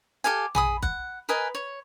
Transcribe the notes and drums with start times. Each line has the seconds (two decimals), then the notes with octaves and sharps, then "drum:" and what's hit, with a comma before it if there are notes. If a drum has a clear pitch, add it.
0.24 G4 A4 F5 G#5
0.55 G#4 B5 D#6, drum: tom A#1
0.82 F#5, drum: kick
1.29 A#4 B4 D#5 G#5
1.55 C#5